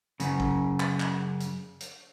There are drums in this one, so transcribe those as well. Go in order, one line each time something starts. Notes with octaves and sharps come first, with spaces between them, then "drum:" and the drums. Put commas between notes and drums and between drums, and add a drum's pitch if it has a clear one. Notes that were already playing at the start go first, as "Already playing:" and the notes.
F#2 C#3, drum: hi-hat
drum: kick
drum: clap
drum: clap
drum: hi-hat
drum: hi-hat